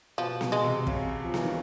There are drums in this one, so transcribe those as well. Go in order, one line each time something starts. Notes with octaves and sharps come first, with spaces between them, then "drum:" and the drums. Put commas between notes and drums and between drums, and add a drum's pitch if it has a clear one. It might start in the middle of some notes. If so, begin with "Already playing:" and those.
B2 F3
B2, drum: snare B3
G#3
C3
C#3, drum: kick
F3
E3, drum: snare B3
D#3